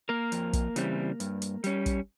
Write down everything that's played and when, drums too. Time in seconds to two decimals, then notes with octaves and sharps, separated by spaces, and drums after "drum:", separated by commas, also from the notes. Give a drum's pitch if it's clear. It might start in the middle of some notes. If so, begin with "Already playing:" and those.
0.09 A#3 A#4
0.32 F2, drum: hi-hat
0.53 drum: kick, hi-hat
0.76 C#3 E3 G3 C4, drum: hi-hat
1.20 G2, drum: hi-hat
1.42 drum: hi-hat
1.64 G3 C#4, drum: hi-hat
1.86 drum: kick, hi-hat